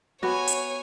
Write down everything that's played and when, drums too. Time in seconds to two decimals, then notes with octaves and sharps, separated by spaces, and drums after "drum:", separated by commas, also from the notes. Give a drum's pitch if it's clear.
0.22 B3 F#4 G4 C#5 G#5
0.47 drum: hi-hat